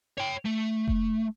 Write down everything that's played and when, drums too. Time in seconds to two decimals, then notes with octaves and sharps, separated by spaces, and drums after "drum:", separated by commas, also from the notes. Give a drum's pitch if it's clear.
0.18 C#5 G5
0.45 A3
0.88 drum: kick F1